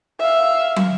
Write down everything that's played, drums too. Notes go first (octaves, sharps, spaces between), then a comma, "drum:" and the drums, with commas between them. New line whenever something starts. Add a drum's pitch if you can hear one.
E5 F5
drum: tom